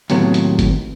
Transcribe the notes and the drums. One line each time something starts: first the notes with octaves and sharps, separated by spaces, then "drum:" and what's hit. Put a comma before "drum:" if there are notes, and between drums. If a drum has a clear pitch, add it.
D#2 A2 C3 F#3 B3, drum: hi-hat
drum: hi-hat
drum: kick G1, hi-hat